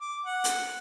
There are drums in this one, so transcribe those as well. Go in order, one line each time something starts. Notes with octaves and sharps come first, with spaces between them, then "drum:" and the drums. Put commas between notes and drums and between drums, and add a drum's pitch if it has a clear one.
D6
F#5
drum: hi-hat